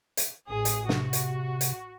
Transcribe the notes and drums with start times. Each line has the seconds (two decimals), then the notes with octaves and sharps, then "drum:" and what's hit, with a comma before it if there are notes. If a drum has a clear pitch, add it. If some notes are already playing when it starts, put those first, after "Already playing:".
0.17 drum: hi-hat
0.49 A1 G#4 D#6
0.65 drum: hi-hat
0.89 C3 F#4, drum: snare
1.13 drum: hi-hat
1.61 drum: hi-hat